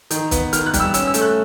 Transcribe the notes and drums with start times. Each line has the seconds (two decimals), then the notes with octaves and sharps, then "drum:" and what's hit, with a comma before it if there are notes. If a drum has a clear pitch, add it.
0.11 D#3, drum: hi-hat
0.31 B3, drum: kick, hi-hat
0.53 D#3 F6, drum: hi-hat
0.66 F#6
0.74 G3, drum: kick, hi-hat
0.80 E6
0.94 C#4 E6, drum: hi-hat
1.07 E6
1.14 A3, drum: hi-hat
1.22 F#6